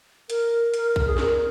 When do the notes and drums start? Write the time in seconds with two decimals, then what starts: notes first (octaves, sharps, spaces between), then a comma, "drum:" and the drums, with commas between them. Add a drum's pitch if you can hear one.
0.30 A#4, drum: hi-hat
0.74 drum: hi-hat
0.96 drum: kick
1.07 G#4
1.18 A#4, drum: snare